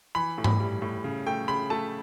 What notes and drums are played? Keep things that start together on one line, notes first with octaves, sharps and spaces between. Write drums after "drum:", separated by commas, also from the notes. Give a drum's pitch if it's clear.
E3 B5
A2
B5, drum: tom G#2
G3
A2
C#3
A3 G5
C#3 B5
A3 A5